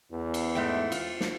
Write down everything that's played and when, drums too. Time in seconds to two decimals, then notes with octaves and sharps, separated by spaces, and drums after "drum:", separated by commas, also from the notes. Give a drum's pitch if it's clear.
0.12 E2
0.34 drum: cymbal
0.55 G#2 A3 G5
0.92 F4, drum: cymbal
1.21 drum: snare